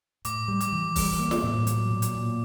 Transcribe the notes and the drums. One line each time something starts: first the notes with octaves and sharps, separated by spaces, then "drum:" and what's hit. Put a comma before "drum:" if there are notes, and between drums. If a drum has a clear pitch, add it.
A2 D6, drum: hi-hat
G3
D6, drum: hi-hat
E3
G3, drum: kick, open hi-hat
A#3
drum: snare
A2
F#3, drum: hi-hat
A#2
drum: hi-hat
A#2